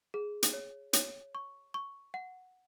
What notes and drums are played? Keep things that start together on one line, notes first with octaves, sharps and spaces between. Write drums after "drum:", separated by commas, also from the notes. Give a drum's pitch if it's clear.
G#4
drum: hi-hat
C#5
C#5, drum: hi-hat
C#6
C#6
F#5